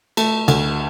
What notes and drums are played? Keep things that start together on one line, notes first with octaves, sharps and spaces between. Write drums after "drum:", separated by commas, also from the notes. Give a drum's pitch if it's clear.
A3, drum: cymbal
D2, drum: cymbal